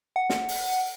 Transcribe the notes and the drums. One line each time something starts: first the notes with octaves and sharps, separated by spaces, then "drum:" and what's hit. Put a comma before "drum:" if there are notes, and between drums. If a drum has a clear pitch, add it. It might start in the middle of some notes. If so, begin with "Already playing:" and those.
F#5
drum: snare
drum: open hi-hat